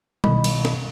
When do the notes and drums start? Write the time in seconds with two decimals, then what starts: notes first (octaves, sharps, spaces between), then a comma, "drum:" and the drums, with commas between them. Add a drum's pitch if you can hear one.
0.24 C2 B2 D#3 E4 D#5 B5, drum: tom G3
0.44 drum: cymbal
0.65 drum: snare